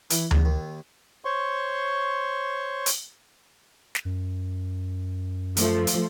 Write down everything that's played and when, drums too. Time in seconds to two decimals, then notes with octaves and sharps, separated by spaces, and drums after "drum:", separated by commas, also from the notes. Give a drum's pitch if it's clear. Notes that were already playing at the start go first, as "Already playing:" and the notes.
0.10 E3, drum: hi-hat
0.31 E2, drum: tom D2
0.45 D#2
1.25 C5 C#5 C6 C#6
2.86 drum: hi-hat
3.95 drum: snare
4.05 F#2
5.57 F3 A3, drum: hi-hat
5.87 drum: hi-hat